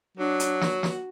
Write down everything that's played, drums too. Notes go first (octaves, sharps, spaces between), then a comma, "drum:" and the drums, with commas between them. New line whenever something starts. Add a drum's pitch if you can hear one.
F#3 D4
drum: hi-hat
F#4, drum: snare
drum: snare